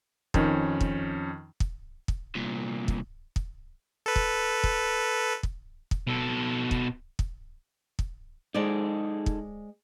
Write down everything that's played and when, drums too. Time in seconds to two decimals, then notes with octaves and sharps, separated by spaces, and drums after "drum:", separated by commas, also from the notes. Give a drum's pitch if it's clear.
0.34 F2 D#3 C#4, drum: kick
0.81 drum: kick
1.60 drum: kick
2.08 drum: kick
2.35 C2 A#2
2.88 drum: kick
3.36 drum: kick
4.06 A4 B4
4.16 drum: kick
4.64 drum: kick
5.43 drum: kick
5.91 drum: kick
6.07 B2 A4
6.71 drum: kick
7.19 drum: kick
7.99 drum: kick
8.55 G#3 D#4 G#4 A4 C5 D5
9.26 drum: kick